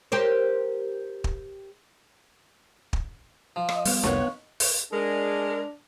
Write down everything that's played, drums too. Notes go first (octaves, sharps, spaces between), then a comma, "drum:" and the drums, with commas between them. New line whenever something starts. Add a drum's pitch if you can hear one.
G4 A#4 C5
drum: kick
drum: kick
F3
D#5, drum: rim click
G3 B3 F5, drum: open hi-hat
F1 C2 F2 B3 C#5 F#5, drum: snare
drum: open hi-hat
G#3 D4 G#4 A#4